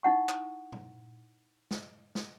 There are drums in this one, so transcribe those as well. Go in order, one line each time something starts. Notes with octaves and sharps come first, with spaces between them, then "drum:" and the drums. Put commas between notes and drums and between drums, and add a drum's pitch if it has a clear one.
D#4 E4 F#5 C#6
drum: clap
drum: tom A#2
drum: snare
drum: snare